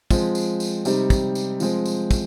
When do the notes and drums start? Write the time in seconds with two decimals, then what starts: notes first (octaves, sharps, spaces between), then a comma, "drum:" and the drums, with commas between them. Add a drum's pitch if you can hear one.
0.11 F3 G#3 C4, drum: kick, tambourine
0.35 drum: tambourine
0.60 drum: tambourine
0.85 C3 G3 C4 D#4, drum: tambourine
1.10 drum: kick, tambourine
1.35 drum: tambourine
1.60 F3 G#3 C4, drum: tambourine
1.86 drum: tambourine
2.11 drum: kick, tambourine